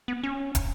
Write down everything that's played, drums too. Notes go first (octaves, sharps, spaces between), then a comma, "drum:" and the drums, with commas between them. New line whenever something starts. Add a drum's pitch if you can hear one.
B3
C#4
drum: kick, hi-hat